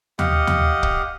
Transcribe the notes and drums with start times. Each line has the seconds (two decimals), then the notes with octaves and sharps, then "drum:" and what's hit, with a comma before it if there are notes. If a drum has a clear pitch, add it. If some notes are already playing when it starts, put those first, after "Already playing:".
0.19 G4 D#5 F5 F#5, drum: tom D#2
0.47 drum: tom D#2
0.83 drum: kick